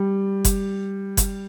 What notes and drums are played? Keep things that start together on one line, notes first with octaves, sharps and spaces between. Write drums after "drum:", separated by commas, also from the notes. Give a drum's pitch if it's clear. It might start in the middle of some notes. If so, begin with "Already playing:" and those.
Already playing: G3
drum: kick F#1, hi-hat
drum: kick F#1, hi-hat